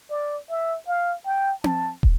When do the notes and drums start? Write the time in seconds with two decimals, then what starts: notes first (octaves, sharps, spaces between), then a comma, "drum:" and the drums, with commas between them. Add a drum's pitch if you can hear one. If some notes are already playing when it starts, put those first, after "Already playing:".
0.10 D5
0.49 E5
0.87 F5
1.26 G5
1.64 A5, drum: tom C4
2.03 drum: kick